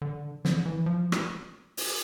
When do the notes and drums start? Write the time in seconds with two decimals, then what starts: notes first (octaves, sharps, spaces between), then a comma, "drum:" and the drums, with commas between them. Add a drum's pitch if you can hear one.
0.02 D3
0.45 D3, drum: snare
0.66 E3
0.86 F3
1.12 drum: rim click
1.77 drum: open hi-hat